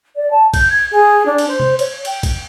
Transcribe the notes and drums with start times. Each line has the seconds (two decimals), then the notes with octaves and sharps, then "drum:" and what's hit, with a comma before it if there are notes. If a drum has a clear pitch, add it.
0.16 D5
0.31 A5
0.54 G6, drum: kick A#1, cymbal
0.70 G#6
0.92 G#4
1.26 D4
1.38 drum: cymbal
1.49 C5
1.60 drum: tom
1.79 C#5, drum: cymbal
2.05 G5, drum: cymbal
2.23 drum: kick A#1, cymbal